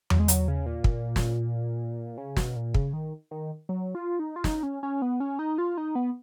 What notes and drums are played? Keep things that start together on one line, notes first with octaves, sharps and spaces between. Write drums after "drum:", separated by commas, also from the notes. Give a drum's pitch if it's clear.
F#3, drum: tom E2
G#3
F#3, drum: hi-hat
C#3
A#2
drum: kick
drum: snare
C#3
B2, drum: snare
A#2
C#3, drum: kick
D#3
D#3
F#3
F4
D#4
F4
D#4, drum: snare
C#4
C#4
B3
C#4
D#4
F4
D#4
B3